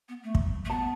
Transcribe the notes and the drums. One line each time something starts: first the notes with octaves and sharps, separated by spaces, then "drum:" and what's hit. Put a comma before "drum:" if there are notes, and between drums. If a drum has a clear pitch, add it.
B3
A3
drum: kick
A3
B3 A5